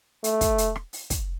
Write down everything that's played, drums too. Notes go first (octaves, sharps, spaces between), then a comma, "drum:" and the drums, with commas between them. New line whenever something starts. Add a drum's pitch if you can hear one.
A3, drum: hi-hat
drum: kick, hi-hat
drum: hi-hat
drum: rim click
drum: open hi-hat
drum: kick, hi-hat